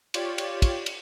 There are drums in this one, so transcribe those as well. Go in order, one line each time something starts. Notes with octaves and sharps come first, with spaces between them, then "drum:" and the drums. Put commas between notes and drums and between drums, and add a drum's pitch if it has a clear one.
F4 G4 C#5 D5, drum: cymbal
drum: cymbal
drum: kick, cymbal
drum: cymbal